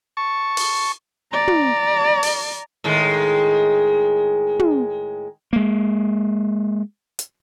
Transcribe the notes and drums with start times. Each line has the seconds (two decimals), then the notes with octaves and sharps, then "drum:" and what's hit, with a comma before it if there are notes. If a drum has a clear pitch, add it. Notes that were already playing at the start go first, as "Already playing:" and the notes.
0.17 A5 C#6
0.57 drum: open hi-hat
1.33 D5 A#5
1.48 drum: tom
2.23 drum: open hi-hat
2.84 A2 D#3 G#3
4.59 drum: tom
5.53 G#3 A#3
7.19 drum: hi-hat